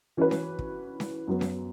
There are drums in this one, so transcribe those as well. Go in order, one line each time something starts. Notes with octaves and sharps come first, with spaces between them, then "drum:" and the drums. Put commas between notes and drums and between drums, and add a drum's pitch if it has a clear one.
E3 C#4 F#4 B4
drum: snare C#4
drum: kick
drum: snare C#4
F#2 F#3 B3
drum: snare C#4